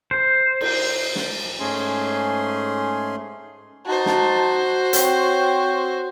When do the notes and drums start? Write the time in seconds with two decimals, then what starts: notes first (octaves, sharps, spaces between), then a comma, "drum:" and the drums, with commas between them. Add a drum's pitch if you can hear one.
0.11 C5
0.61 drum: cymbal
1.16 drum: snare
1.60 G#2 A3 C#4 G#4 C6
3.86 D#4 F#4 C5 A5
4.06 drum: snare
4.93 C4 C#5 G5, drum: hi-hat